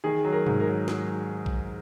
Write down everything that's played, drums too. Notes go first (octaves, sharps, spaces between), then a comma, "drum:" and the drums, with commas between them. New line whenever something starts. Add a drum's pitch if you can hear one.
D#3 G#4
F#3
A#4
G#2, drum: tom B2
A#4
F#3
F#3, drum: snare
drum: kick A#1